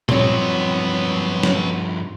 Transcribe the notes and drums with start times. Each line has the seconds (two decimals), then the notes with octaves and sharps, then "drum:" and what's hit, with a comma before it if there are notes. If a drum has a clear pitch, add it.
0.09 G2 F3 F#3 B3 C4 D#4 C#5, drum: tom A#2
1.43 drum: snare